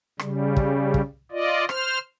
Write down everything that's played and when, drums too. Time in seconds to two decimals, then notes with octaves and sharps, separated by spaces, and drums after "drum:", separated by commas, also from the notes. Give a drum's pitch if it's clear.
0.19 C#3 G3, drum: rim click
0.56 drum: kick
0.94 drum: kick
1.32 F4 D5 D#5
1.69 C5 F6, drum: rim click